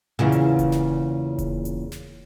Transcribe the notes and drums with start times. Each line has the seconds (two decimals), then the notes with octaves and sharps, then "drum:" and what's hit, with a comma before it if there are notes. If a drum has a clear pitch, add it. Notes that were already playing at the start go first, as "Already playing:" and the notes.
0.19 E2 A#2 C#3
0.32 drum: hi-hat
0.59 drum: kick E1, hi-hat
0.72 drum: snare
1.39 drum: kick E1, hi-hat
1.65 drum: hi-hat
1.92 drum: snare